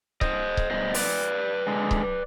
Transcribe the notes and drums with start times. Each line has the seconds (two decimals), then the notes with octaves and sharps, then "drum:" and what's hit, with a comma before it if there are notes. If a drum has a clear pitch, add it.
0.21 C5 D#5, drum: kick C#1
0.57 drum: kick C#1
0.71 B2 G3 C5 D#5
0.94 B4 D5, drum: open hi-hat
1.67 D3 G#3
1.91 drum: kick C#1